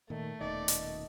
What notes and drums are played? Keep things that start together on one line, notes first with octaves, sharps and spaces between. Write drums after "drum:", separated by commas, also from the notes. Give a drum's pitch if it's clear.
A#2 D#3 A3
D#1 B2 D#3 D5 D#5
drum: hi-hat